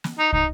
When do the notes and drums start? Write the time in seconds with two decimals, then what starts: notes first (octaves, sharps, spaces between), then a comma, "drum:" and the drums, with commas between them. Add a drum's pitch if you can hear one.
0.04 drum: snare
0.19 D#4
0.33 D#4, drum: kick